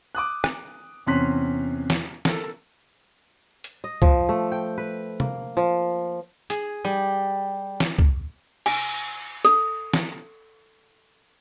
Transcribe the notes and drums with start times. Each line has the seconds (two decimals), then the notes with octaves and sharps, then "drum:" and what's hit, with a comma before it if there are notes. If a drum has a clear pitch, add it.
0.15 D6 D#6 F#6
0.44 drum: rim click
1.07 E2 C3 C#4 C6 F#6 B6
1.90 drum: snare
2.25 A4 A#4, drum: snare
3.64 drum: hi-hat
3.84 D#5
4.02 F3, drum: kick C2
4.29 A3
4.52 G5
4.78 B4
5.20 A#3, drum: tom
5.57 F3
6.50 G#4, drum: hi-hat
6.85 G3
7.80 drum: snare
7.99 drum: kick C2
8.66 G#5, drum: cymbal
9.45 A4, drum: hi-hat
9.94 drum: snare